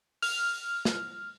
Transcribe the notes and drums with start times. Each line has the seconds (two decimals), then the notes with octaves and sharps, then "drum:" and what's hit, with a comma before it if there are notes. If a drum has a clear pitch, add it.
0.22 F6, drum: open hi-hat
0.85 drum: snare